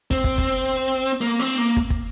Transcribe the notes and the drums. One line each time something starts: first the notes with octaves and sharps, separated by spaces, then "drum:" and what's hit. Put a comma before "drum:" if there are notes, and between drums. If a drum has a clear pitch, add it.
C4, drum: kick
drum: kick
drum: kick
A#3
C4
A#3
drum: kick
drum: kick